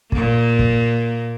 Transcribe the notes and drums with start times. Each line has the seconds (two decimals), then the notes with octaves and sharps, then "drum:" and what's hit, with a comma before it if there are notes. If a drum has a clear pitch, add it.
0.12 A#2 A#3, drum: kick
0.59 drum: kick